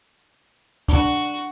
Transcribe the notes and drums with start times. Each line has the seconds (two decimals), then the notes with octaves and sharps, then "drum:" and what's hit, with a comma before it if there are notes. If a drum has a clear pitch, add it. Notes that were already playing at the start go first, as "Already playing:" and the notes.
0.88 D4 F#4, drum: kick